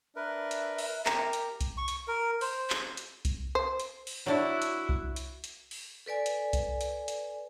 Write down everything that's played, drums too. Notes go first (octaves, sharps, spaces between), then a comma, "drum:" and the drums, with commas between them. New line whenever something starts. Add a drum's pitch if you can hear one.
D4 A#4 B4 E5
drum: hi-hat
drum: open hi-hat
G4 A#4 A#5, drum: clap
drum: hi-hat
drum: kick C2, hi-hat
C#6
drum: hi-hat
A#4
C5, drum: open hi-hat
drum: clap
drum: hi-hat
drum: kick C2, hi-hat
C5
drum: hi-hat
drum: open hi-hat
F#3 D4 E4 F#4
drum: hi-hat
drum: kick C2
drum: hi-hat
drum: hi-hat
drum: open hi-hat
A4 B4 D5 G#5
drum: hi-hat
drum: kick C2, hi-hat
drum: hi-hat
drum: hi-hat